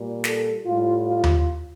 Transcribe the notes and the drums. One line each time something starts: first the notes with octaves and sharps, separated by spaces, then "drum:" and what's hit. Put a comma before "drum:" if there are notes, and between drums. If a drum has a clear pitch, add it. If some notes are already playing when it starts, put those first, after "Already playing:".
Already playing: A#2 G3
A4, drum: snare
A2 G3 F4
F4
drum: tom D#2